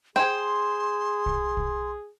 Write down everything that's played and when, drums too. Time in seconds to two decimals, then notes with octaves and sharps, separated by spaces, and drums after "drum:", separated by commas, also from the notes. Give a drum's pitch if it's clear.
0.16 G#4 C5 G5 G#5 C6
1.26 drum: kick
1.57 drum: kick